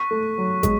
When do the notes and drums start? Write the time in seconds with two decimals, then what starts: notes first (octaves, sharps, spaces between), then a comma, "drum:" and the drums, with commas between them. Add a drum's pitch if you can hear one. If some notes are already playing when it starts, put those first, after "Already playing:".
Already playing: C#6 F#6 B6
0.11 A3
0.38 F#3
0.63 G#3, drum: kick, hi-hat